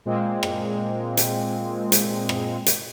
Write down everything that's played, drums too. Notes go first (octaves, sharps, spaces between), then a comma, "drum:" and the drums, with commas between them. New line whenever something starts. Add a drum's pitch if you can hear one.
A#2 G#3 A#3 C4
drum: rim click
drum: hi-hat
drum: hi-hat
drum: rim click
drum: hi-hat